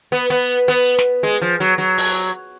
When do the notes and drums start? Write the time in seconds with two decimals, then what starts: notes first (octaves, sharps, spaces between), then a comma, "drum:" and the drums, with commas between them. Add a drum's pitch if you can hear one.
0.12 B3
0.30 B3, drum: hi-hat
0.68 B3
0.98 drum: snare
1.23 G#3
1.42 F3
1.60 F#3
1.78 F#3
1.98 drum: open hi-hat